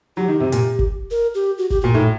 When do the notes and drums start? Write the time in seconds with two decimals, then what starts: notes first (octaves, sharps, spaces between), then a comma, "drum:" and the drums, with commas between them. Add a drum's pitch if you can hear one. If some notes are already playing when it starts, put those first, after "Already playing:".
0.17 F#3 G4
0.28 D#3
0.40 C3
0.52 A#2, drum: hi-hat
0.79 drum: kick
1.11 A#4
1.35 G4
1.58 F#4
1.70 G4, drum: kick
1.81 A#2 F#4
1.94 A2 D#4